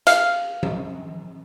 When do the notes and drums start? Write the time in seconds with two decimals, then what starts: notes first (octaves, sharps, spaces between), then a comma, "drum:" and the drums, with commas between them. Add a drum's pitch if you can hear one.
0.07 F5, drum: hi-hat
0.63 drum: tom F3